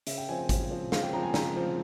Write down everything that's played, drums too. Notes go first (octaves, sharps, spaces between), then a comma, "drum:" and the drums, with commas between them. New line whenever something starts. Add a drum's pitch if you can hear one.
C#3 E5, drum: hi-hat
G5
F3 C4 G#5
G5
C#3, drum: kick G#1, hi-hat
F3 C4
C#3 F5, drum: snare
G5
F3 C4 A#5
G#5
C#3 A#5, drum: snare
F3 C4